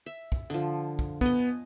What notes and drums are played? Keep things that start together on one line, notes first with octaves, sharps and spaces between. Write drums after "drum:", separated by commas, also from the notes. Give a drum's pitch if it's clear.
E5
drum: kick
D3 F3
drum: kick
B3 D#5 G#5, drum: kick